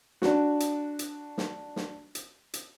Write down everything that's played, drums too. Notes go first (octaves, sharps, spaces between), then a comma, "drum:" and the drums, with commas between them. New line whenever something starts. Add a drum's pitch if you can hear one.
D4 F#4, drum: snare
drum: hi-hat
drum: hi-hat
drum: snare
drum: snare
drum: hi-hat
drum: hi-hat